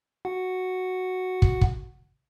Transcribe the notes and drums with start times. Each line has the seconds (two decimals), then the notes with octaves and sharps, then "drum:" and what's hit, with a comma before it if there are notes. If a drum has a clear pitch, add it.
0.25 F#4 F#5
1.42 drum: kick
1.61 drum: kick